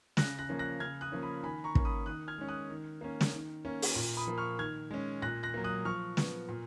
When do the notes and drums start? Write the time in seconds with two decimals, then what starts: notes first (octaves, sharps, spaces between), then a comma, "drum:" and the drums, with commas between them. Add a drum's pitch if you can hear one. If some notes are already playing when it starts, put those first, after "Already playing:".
0.17 C#3 F#6 A#6, drum: snare
0.39 F#6 A#6
0.49 F3 A#3 C#4
0.59 F#6 A#6
0.80 C#3 F6 G#6
1.01 D#6 F#6
1.12 F3 A#3 C#4
1.22 B5 D#6
1.43 D#3 G#5 B5
1.64 A#5 C#6
1.75 A#3 C#4, drum: kick
1.85 B5 D#6
2.06 D#3 D#6 F#6
2.28 F6 G#6
2.38 G#3 C#4
2.48 D#6 F#6
2.69 D#3
3.01 A#3 C#4
3.21 drum: snare
3.33 D#3
3.65 A#3 C#4
3.82 drum: open hi-hat
3.96 A#2
4.17 B5 D#6
4.27 F3 A#3
4.38 C#6 F6
4.59 D#3 F6 G#6
4.91 G#3 C#4
5.22 A#2 F#6 A#6
5.43 F#6 A#6
5.54 F#3 A#3
5.64 D#6 F#6
5.85 F3 C#6 F6
6.17 B3, drum: snare
6.49 A#2